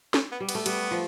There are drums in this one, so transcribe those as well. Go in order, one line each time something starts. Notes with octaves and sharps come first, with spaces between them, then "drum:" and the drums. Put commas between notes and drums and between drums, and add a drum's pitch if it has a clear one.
A3, drum: snare
B3
G3
B3, drum: cymbal
A3
G3 B3, drum: cymbal
F3